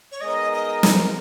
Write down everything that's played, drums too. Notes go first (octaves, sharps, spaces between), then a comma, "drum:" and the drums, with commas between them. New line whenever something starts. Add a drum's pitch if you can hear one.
C#5
G#3 B3 D#4 A#4 D#5
D#5
drum: snare